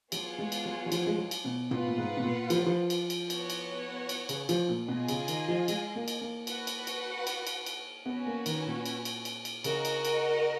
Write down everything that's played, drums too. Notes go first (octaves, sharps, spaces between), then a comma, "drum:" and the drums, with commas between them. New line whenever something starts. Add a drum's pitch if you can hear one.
F#3 B3 F4 G#4 C#5 F#5, drum: cymbal
G#3
drum: cymbal
F#3
F#3
F3, drum: cymbal
G#3
F#3
drum: cymbal
B2
B2 F4 B4 F#5, drum: tom
A#2
G#2
B2
A#2
F3, drum: cymbal
F#3
F3
drum: cymbal
drum: cymbal
B3 F#4 C#5 F#5, drum: cymbal
drum: cymbal
drum: cymbal
C#3, drum: cymbal
F3, drum: cymbal
A#2
B2 F4 G#4 D#5 G#5
C#3, drum: cymbal
D#3, drum: cymbal
F3
G#3, drum: cymbal
A#3
drum: cymbal
A#3
F#4 B4 F#5, drum: cymbal
drum: cymbal
drum: cymbal
drum: cymbal
drum: cymbal
drum: cymbal
B3 C#4 F#4 B4
A#3
D#3, drum: cymbal
A#2
drum: cymbal
drum: cymbal
drum: cymbal
drum: cymbal
C#3 F#4 A#4 D#5 F#5, drum: cymbal
drum: cymbal
drum: cymbal